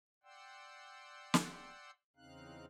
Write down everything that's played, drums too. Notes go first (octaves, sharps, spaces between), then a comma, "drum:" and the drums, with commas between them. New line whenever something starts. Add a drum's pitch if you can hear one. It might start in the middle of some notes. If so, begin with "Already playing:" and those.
D5 F#5 G5 C6 E6
drum: snare
E2 C#3 C4 D#4 F5 F#6